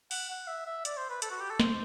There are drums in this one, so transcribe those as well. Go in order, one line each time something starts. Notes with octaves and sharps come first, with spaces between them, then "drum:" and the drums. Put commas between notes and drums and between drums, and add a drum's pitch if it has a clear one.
F#5, drum: open hi-hat
F#5
E5
E5
D5, drum: hi-hat
C5
B4
A4, drum: hi-hat
F#4
G4
A4
C5, drum: snare